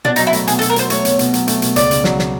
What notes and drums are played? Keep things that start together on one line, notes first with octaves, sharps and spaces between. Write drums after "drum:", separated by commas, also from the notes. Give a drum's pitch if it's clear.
B2 D4, drum: tom A#2
F#3 D#4, drum: hi-hat
E4
A3, drum: hi-hat
B2 G#4, drum: hi-hat
A4
B2, drum: hi-hat
A#4
F#3 C5, drum: hi-hat
A3 C#5, drum: hi-hat
B2, drum: hi-hat
B2, drum: hi-hat
F#3, drum: hi-hat
A3, drum: hi-hat
B2, drum: hi-hat
C#2 D5, drum: hi-hat
C#3, drum: hi-hat
F#3, drum: snare
drum: snare